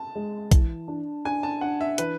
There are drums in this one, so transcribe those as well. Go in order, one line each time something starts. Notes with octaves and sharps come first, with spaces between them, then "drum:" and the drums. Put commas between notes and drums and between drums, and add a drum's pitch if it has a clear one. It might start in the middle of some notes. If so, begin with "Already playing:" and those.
Already playing: A5
G#3
E3, drum: kick B1, hi-hat
D4
D4 G#5
A5
D4 F#5
E5
E3 B4, drum: hi-hat